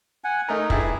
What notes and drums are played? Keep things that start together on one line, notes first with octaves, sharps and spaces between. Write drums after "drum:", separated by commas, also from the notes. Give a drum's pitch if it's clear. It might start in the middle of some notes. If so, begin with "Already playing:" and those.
F#5 G#5
A3 D#4 A#4
G2 E4 G#4, drum: kick